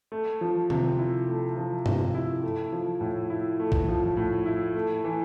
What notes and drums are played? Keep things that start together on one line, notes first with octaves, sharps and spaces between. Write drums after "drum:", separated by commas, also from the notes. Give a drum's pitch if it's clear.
A3
F3
C3, drum: tom D3
E4
A3
F3
C3, drum: tom G2
E4
A3
F3
A2
E4
A3
drum: kick
F3
A2
E4
A3
E3